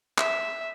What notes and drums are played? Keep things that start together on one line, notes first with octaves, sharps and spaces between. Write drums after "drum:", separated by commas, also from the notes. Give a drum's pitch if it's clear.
E5, drum: clap